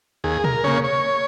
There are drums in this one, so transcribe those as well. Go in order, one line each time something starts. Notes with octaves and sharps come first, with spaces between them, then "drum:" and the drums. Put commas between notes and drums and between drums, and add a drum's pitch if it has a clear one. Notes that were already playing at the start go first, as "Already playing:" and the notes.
D#2 G#4
A#4, drum: tom
C#3 A#3 C#5
C#5